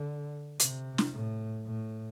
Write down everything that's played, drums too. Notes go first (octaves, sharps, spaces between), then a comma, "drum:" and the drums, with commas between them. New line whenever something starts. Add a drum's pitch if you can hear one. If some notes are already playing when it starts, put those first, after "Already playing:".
Already playing: D3
C3, drum: hi-hat
drum: snare
A2
A2